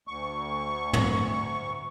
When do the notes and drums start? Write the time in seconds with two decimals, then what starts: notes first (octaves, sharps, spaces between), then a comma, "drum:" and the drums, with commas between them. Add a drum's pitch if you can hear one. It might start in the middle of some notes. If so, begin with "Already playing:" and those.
0.08 D2 C#6
0.93 drum: tom